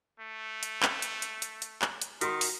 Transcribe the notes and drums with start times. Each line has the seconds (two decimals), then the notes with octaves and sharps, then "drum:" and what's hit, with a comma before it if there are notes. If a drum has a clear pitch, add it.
0.20 A3
0.63 drum: hi-hat
0.83 drum: clap
1.02 drum: hi-hat
1.22 drum: hi-hat
1.42 drum: hi-hat
1.62 drum: hi-hat
1.82 drum: clap
2.02 drum: hi-hat
2.21 D#3 F#4 C6, drum: hi-hat
2.41 drum: open hi-hat